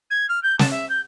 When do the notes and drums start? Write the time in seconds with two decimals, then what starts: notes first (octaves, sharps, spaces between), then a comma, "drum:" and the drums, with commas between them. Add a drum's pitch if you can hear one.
0.10 G#6
0.29 F6
0.43 G6
0.59 A5, drum: snare
0.71 E5
0.89 G6